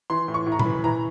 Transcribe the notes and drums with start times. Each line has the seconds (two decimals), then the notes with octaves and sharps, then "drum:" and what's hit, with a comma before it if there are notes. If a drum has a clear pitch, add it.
0.10 E3 C6
0.28 A2
0.34 C#6
0.46 A2
0.52 A#5
0.59 B5, drum: tom A#2
0.65 E3
0.84 E3 A#5